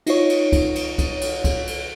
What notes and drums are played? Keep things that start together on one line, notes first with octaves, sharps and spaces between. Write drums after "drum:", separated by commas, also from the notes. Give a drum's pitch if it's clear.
D#4 F4 C#5, drum: cymbal
drum: cymbal
drum: kick C2, cymbal
drum: cymbal
drum: kick C2, cymbal
drum: cymbal
drum: kick C2, cymbal
drum: cymbal